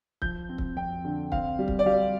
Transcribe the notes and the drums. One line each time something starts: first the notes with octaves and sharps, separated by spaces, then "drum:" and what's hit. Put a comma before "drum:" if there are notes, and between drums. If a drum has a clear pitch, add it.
F3 G6, drum: kick C#1
C4
drum: kick C#1
F2 G5
D3
C4 F5, drum: kick C#1
G3
drum: kick C#1
D5
G3 F5